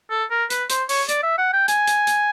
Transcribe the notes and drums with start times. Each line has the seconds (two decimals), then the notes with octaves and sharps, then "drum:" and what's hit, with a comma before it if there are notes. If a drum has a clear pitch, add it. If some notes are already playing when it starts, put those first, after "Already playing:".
0.11 A4
0.30 A#4
0.50 B4, drum: hi-hat
0.70 C5, drum: hi-hat
0.89 C#5, drum: open hi-hat
1.09 D5, drum: hi-hat
1.23 E5
1.38 F#5
1.53 G5
1.68 G#5, drum: hi-hat
1.87 drum: hi-hat
2.07 drum: hi-hat